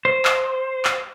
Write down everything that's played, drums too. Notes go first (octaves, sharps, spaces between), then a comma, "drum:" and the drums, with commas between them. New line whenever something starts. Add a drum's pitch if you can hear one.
C5
drum: clap
drum: clap